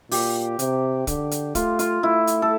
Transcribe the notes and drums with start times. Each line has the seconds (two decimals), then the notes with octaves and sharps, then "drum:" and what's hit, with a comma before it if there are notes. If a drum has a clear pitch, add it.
0.11 A#2 G4, drum: open hi-hat
0.59 C3, drum: hi-hat
1.07 D3, drum: kick, hi-hat
1.31 drum: hi-hat
1.55 A3 F4, drum: kick, hi-hat
1.79 F4, drum: hi-hat
2.03 A3 E4
2.27 drum: hi-hat
2.42 A4